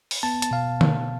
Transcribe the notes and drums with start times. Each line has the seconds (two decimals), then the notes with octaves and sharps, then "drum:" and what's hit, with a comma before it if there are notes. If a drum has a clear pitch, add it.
0.11 drum: open hi-hat
0.23 B3 A5
0.42 A5, drum: hi-hat
0.51 B2 F5
0.81 drum: tom D3